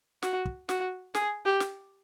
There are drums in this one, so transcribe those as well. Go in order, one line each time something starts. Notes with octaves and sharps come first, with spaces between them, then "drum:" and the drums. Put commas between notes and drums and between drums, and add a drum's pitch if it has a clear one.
F#4, drum: snare
drum: kick
F#4, drum: snare
G#4, drum: snare
G4
drum: snare